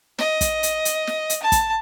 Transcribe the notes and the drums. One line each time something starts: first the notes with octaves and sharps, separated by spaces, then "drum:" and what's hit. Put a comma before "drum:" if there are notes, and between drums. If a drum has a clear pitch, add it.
D#5, drum: snare
drum: kick, hi-hat
drum: hi-hat
drum: hi-hat
drum: snare
drum: hi-hat
A5
drum: kick, hi-hat